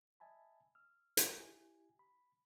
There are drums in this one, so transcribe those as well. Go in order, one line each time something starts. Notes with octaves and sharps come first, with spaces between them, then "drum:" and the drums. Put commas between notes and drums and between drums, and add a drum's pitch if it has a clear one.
D#5 E5 G#5 A5 B5
E6 F6
drum: hi-hat
E4 G4 G#5
B5